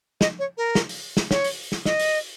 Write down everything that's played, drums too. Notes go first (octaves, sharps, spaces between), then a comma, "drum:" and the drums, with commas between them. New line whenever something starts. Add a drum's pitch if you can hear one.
D#5, drum: snare
C#5
A#4
drum: snare
drum: open hi-hat
drum: snare
C#5, drum: snare
drum: open hi-hat
drum: snare
D#5, drum: snare
drum: open hi-hat